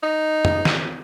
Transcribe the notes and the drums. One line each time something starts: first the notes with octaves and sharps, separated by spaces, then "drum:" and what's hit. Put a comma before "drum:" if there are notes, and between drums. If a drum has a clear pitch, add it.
D#4
drum: tom
drum: snare